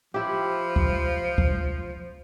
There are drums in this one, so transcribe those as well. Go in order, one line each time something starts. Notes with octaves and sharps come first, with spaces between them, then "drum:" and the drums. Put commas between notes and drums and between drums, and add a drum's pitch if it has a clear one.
F3 E4 G4
drum: kick
drum: kick